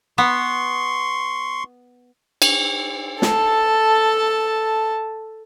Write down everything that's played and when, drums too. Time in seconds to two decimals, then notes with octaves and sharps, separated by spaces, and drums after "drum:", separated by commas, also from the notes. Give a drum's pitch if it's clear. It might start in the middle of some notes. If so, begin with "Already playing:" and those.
0.18 B3 C6 C#6
2.42 drum: cymbal
3.22 A4 A5, drum: snare